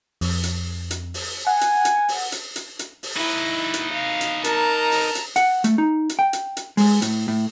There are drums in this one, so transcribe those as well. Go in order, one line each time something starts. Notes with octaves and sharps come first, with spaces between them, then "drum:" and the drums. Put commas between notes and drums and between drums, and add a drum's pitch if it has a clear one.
F2, drum: open hi-hat
drum: hi-hat
drum: hi-hat
drum: open hi-hat
F#5 G#5
drum: hi-hat
drum: hi-hat
drum: open hi-hat
drum: hi-hat
drum: hi-hat
drum: hi-hat
drum: open hi-hat
D#4 E4 B4
drum: hi-hat
F5
drum: hi-hat
A#4 A5 A#5, drum: hi-hat
drum: open hi-hat
drum: hi-hat
F#5, drum: hi-hat
A3, drum: hi-hat
D#4
drum: hi-hat
G5
drum: hi-hat
drum: hi-hat
G#3, drum: open hi-hat
A2, drum: hi-hat
A2